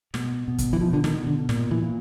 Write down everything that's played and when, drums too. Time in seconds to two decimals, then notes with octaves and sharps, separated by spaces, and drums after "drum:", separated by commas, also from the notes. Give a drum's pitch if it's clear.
0.14 B2, drum: snare
0.48 B2
0.58 drum: kick, hi-hat
0.73 E3
0.81 B2 F3
0.93 D3
1.04 D#3, drum: snare
1.15 B2
1.27 D3
1.49 A#2, drum: snare
1.71 E3
1.83 A#2